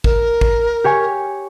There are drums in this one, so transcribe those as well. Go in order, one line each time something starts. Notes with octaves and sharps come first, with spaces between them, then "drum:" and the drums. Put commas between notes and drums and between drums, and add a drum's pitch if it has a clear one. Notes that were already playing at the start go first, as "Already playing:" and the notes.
A#4, drum: kick
drum: kick
G4 C#5 G#5